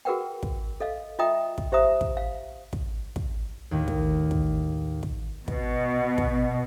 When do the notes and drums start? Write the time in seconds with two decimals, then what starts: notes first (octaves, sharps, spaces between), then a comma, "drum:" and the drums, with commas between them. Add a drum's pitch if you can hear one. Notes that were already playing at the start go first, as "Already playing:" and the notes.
0.05 F#4 G#4 A#4 B4 F#5 G5
0.43 drum: kick
0.80 A4 D#5 F5
1.19 F4 D#5 E5 G5 A#5 D#6
1.58 drum: kick
1.72 G4 C5 E5 F5 A#5 D#6
2.01 drum: kick
2.17 F5
2.73 drum: kick
3.16 drum: kick
3.71 D#2 A2 D#3
3.88 drum: kick
4.31 drum: kick
5.03 drum: kick
5.48 B2, drum: kick
6.18 drum: kick